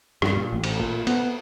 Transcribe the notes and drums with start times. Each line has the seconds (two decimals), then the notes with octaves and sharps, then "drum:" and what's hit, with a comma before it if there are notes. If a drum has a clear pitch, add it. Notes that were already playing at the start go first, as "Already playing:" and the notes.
0.22 G2, drum: rim click
0.36 A#2
0.53 A1
0.64 drum: cymbal
0.80 A#2
1.07 B3, drum: cymbal